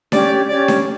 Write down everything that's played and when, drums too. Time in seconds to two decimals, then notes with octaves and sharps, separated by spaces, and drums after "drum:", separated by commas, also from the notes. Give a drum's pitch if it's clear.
0.12 C#4 G4 C#5 D5, drum: snare D4
0.49 C#4 G4 C#5 D5
0.68 drum: snare D4